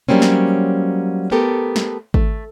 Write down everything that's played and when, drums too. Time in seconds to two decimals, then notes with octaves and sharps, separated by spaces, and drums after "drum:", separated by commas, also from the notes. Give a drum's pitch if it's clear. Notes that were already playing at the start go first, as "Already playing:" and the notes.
0.09 F#3 G3 A#3 C4 C#4
0.22 drum: snare
1.31 A3 B3 G4 A4 A#4
1.76 drum: snare
2.14 A3, drum: kick G#1